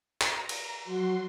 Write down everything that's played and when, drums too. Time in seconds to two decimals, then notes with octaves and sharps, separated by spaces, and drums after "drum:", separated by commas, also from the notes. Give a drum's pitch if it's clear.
0.21 A#5, drum: clap
0.49 drum: cymbal
0.84 F#3 F#4 C6